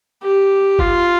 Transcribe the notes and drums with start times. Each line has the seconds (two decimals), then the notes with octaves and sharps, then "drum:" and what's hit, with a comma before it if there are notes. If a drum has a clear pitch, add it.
0.23 G4
0.79 F4, drum: kick F#1